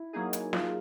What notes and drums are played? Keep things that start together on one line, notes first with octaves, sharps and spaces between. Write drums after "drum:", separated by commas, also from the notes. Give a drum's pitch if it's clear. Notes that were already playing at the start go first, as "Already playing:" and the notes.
Already playing: E4
F#3 A#3 D#4 G#4
drum: hi-hat
F4, drum: snare